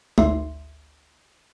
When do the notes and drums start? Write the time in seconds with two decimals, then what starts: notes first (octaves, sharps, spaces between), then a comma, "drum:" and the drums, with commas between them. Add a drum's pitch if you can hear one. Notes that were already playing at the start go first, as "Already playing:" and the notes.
0.18 G#1 D2 E5 C6, drum: tom